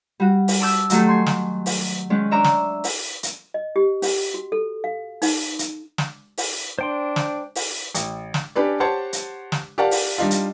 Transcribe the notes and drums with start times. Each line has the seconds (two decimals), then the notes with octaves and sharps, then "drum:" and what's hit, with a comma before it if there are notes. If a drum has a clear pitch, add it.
0.20 G3 F#4
0.48 drum: open hi-hat
0.60 A5 D6 E6 G6
0.90 D#3 F#3 A3 G4 A4, drum: hi-hat
1.07 G#5 C6 C#6
1.26 drum: snare
1.66 drum: open hi-hat
2.10 D#3 G#3 C#4
2.31 D4 C#5 E5 A#5 D6
2.44 drum: snare
2.84 drum: open hi-hat
3.23 drum: hi-hat
3.54 D#5
3.76 G4
4.02 C#4, drum: open hi-hat
4.34 F#4
4.52 A4
4.84 F5
5.22 D#4, drum: open hi-hat
5.59 drum: hi-hat
5.98 drum: snare
6.37 drum: open hi-hat
6.79 D4 C5 G5 C6
7.16 drum: snare
7.55 drum: open hi-hat
7.95 A1, drum: hi-hat
8.34 drum: snare
8.56 C#4 D4 G4 B4 D5
8.80 G4 C5 C#5 F#5 A5
9.13 drum: hi-hat
9.52 drum: snare
9.78 G4 A#4 D5 F5 F#5 A5
9.91 drum: open hi-hat
10.18 G3 D4 D#4 F4
10.31 drum: hi-hat